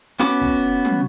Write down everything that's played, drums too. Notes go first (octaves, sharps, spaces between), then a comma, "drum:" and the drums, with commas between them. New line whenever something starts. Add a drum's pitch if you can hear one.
B3 C#4 F#4 D6
drum: kick
drum: tom